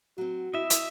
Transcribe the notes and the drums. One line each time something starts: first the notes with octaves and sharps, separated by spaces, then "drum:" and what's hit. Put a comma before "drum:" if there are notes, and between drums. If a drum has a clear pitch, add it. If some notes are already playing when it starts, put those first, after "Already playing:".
F#3 C4 F#4
E4 D#5 E5
drum: hi-hat